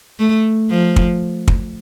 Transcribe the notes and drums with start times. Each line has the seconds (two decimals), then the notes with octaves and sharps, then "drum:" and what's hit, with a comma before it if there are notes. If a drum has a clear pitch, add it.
0.19 A3
0.70 F3
0.96 drum: kick
1.48 drum: kick